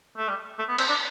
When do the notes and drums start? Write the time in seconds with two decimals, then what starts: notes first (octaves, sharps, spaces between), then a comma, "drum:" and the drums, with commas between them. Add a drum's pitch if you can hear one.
0.17 A3
0.29 G3
0.59 A3
0.69 B3
0.78 C4, drum: cymbal
0.89 D4